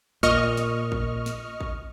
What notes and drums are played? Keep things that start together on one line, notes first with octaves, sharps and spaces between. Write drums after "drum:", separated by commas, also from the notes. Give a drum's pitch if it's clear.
A#2 D#5 C#6 F6, drum: kick A1
drum: snare
drum: kick A1
drum: snare
drum: kick A1